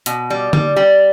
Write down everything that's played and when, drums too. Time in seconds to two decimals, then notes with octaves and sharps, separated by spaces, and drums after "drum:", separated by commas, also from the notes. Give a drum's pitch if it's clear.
0.06 B2, drum: hi-hat
0.30 G3
0.53 G3, drum: tom D3
0.76 G3